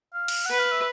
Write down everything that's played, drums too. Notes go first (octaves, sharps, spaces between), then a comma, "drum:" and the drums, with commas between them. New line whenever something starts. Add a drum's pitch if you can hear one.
F5
drum: cymbal
B4 F#5
F5
E5